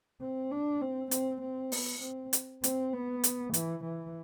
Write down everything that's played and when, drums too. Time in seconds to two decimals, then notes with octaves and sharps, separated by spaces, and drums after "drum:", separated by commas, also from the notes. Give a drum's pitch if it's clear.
0.21 C4
0.51 D4
0.81 C4
1.11 C4, drum: hi-hat
1.41 C4
1.72 B3, drum: open hi-hat
2.02 C4
2.33 drum: hi-hat
2.64 C4, drum: hi-hat
2.93 B3
3.24 drum: hi-hat
3.54 E3, drum: hi-hat
3.84 E3